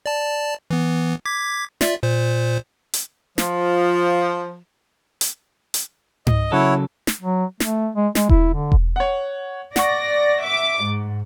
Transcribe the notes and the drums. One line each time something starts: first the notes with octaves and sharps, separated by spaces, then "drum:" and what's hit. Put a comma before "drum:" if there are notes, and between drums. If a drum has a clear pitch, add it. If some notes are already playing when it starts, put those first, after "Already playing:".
D5 A5
E3 B3
D6 G#6 B6
F4 D5 E5, drum: snare
A#2 C5
drum: hi-hat
F3, drum: snare
drum: hi-hat
drum: hi-hat
D#5, drum: tom G#2
C#3 F#3 E4 A4 C#5 F#5
drum: snare
F#3
A3, drum: snare
G#3
G#3, drum: snare
E4, drum: kick E1
D3
drum: kick E1
C#5 F#5
D5 F#5 C#6 A#6, drum: snare
E5 D6
G#2